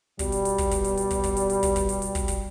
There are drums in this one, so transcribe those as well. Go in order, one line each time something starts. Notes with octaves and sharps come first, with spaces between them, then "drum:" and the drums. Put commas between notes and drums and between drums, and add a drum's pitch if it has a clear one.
B2 G3, drum: kick, hi-hat
drum: hi-hat
drum: hi-hat
drum: kick, hi-hat
drum: kick, hi-hat
drum: hi-hat
drum: hi-hat
drum: kick, hi-hat
drum: kick, hi-hat
drum: hi-hat
drum: hi-hat
drum: kick, hi-hat
drum: kick, hi-hat
drum: hi-hat
drum: hi-hat
drum: kick, hi-hat
drum: kick, hi-hat